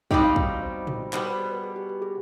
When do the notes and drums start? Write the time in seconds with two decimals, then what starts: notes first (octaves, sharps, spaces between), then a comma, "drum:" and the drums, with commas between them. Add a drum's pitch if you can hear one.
0.11 B2 G3 C4 D#4 G4 D#5, drum: kick
0.23 F5
0.36 G5, drum: kick
0.49 D#5
0.62 C5
0.87 drum: tom A2
1.13 B2 G3 B3 C5, drum: clap
1.26 B4
1.38 G#4
1.52 B4
1.64 G#4
1.76 G4
1.89 G4
2.02 G#4